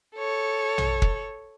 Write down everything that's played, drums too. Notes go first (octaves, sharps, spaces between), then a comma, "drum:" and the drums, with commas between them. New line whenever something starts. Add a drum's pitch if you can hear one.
A4 C#5
drum: tom A#1
drum: kick